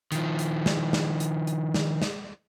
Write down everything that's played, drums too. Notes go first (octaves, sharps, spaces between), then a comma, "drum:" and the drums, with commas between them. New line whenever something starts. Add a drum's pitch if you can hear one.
D#3 F3, drum: hi-hat
drum: hi-hat
drum: snare
drum: snare
drum: hi-hat
drum: hi-hat
drum: snare
drum: snare